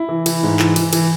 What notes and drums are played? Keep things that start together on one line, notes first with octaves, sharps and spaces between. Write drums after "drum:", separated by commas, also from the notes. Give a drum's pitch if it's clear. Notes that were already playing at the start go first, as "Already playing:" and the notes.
Already playing: E4
E3
E3, drum: cymbal
G#2
E3, drum: clap
E3, drum: cymbal
E3, drum: cymbal